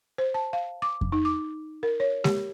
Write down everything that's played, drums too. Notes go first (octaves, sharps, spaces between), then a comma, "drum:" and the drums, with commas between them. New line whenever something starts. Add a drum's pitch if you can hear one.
C5
A5
F5
D6
drum: kick F2
D#4
D6
A#4
C#5
G4, drum: snare G#3